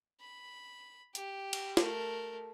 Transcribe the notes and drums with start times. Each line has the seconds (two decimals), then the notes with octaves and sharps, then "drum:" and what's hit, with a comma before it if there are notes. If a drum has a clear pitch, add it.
0.21 B5
1.15 G4, drum: hi-hat
1.53 drum: cymbal
1.77 A3 A#4, drum: snare